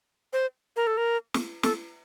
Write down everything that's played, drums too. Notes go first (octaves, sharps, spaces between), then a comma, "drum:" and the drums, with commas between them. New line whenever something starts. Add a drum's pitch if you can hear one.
C5
A#4
A4
A#4
drum: snare
A4, drum: snare